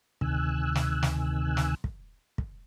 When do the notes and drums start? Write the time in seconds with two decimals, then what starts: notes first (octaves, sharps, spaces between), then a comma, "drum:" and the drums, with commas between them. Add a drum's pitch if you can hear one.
0.21 D2 C3 D#3 G#5 E6 F#6, drum: kick
0.75 drum: snare
1.03 drum: snare
1.57 drum: snare
1.84 drum: kick
2.38 drum: kick